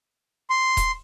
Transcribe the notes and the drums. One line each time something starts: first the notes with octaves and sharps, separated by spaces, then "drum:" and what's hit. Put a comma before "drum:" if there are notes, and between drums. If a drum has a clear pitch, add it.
C6
drum: kick D#1, hi-hat